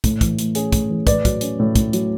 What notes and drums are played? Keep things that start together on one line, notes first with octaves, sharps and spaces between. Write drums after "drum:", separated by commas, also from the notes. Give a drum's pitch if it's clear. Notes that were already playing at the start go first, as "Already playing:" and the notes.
A2, drum: kick, hi-hat
E3, drum: kick, hi-hat
A3, drum: hi-hat
C#4 G#4, drum: hi-hat
A2, drum: kick, hi-hat
E3
A2 B4 D5, drum: kick, hi-hat
F#3, drum: kick, hi-hat
C#4, drum: hi-hat
A2
A2, drum: kick, hi-hat
F#3, drum: hi-hat